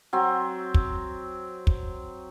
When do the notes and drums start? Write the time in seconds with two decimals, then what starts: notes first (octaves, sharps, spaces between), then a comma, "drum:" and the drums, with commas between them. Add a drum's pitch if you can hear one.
0.13 F#3 C4
0.74 drum: kick
1.67 drum: kick